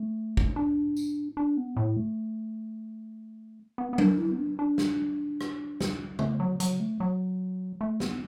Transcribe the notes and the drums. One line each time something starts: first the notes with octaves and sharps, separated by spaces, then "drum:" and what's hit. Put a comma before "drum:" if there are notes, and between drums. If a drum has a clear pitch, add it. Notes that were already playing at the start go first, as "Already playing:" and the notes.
Already playing: A3
drum: kick
D4
drum: tambourine
D4
B3
A2
A3
B3
B3
D4, drum: tom F#3
E4
B3
D4
D4
drum: snare
drum: rim click
drum: snare
A3, drum: tom C#3
F#3
F#3, drum: hi-hat
A3
F#3
A3
B3, drum: snare